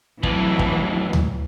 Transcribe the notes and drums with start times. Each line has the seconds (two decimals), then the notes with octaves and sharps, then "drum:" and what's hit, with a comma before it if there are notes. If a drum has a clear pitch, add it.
0.23 F2 A2 E3 F#3, drum: kick
0.59 drum: kick
1.13 drum: tom D2